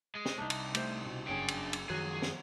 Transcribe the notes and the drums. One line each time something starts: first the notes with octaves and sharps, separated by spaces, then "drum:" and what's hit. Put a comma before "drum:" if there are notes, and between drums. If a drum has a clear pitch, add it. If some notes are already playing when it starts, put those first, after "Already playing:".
G#3
drum: snare
C2 D4 D#4
drum: cymbal
A3 G4 C5, drum: cymbal
B2
F#1 F#2 C#3 D4 G#4 C#5 D5 G5
drum: cymbal
drum: cymbal
F#2 D#3 F3 F#3 F#4 G#4
drum: snare